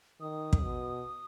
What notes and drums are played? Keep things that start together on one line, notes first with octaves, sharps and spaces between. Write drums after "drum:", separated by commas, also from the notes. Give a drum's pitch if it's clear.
D#3 D#6
drum: kick
B2